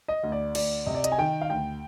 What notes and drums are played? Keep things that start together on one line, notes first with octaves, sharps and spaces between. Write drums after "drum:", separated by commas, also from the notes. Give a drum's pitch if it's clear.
D#5
D2
D5
D2 D5, drum: cymbal
C3 D#5
D5
D#5, drum: hi-hat
G#5
D#3 G5
F5
D2 G5